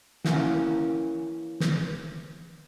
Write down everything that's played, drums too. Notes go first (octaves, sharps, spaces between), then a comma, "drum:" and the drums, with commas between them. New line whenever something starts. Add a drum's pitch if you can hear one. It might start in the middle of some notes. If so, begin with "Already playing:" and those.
E3 A#3 C#4, drum: snare
drum: snare